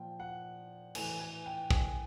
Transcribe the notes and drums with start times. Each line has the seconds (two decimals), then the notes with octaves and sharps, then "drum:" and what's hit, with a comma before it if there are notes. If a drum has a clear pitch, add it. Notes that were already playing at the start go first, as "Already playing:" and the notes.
Already playing: A#2 F3 G5
0.20 F#5
0.95 A2 E3 G#5, drum: cymbal
1.20 G#5
1.46 G5
1.70 G#5, drum: kick